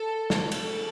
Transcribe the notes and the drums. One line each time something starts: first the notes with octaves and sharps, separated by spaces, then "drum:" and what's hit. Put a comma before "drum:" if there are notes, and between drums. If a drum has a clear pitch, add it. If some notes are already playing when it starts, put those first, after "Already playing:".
Already playing: A4
A4, drum: snare
drum: cymbal